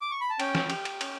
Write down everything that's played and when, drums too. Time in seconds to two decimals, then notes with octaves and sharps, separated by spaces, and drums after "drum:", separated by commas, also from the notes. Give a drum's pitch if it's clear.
0.02 D6
0.11 C#6
0.21 B5
0.30 A5
0.40 C#4 G5, drum: cymbal
0.55 drum: snare
0.70 G4, drum: cymbal
0.85 drum: cymbal
1.01 C#4, drum: cymbal